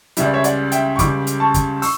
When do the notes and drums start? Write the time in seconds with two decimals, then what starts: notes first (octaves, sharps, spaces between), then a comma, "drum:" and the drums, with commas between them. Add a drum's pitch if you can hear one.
0.17 C#2 C#3 G3 E5, drum: hi-hat
0.25 D5
0.34 C#5 E5
0.44 D5 F#5, drum: hi-hat
0.72 E5 G5, drum: hi-hat
0.96 C#6
0.99 C#2 C#3 G3 B5 D6, drum: kick, hi-hat
1.27 drum: hi-hat
1.40 A5 C#6
1.54 drum: kick, hi-hat
1.82 C#6 E6, drum: open hi-hat